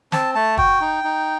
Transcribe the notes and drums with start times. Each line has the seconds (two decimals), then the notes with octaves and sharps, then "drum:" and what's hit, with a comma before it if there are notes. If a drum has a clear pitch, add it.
0.12 C4 A5, drum: snare
0.35 A3 A5
0.57 F#4 G5, drum: kick
0.81 D#4
1.04 D#4